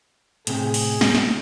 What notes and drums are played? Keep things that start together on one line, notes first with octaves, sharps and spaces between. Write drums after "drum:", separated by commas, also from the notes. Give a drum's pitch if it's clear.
A2 C3 G#4, drum: hi-hat
drum: open hi-hat
drum: snare
drum: snare